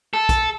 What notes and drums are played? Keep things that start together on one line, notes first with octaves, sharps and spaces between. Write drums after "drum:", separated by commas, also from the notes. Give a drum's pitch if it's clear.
A4
drum: kick, hi-hat